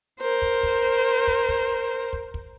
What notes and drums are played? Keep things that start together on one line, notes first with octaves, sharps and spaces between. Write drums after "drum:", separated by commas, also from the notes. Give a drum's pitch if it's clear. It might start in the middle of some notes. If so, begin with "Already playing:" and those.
A#4 C5
drum: kick
drum: kick
drum: kick
drum: kick
drum: kick
drum: kick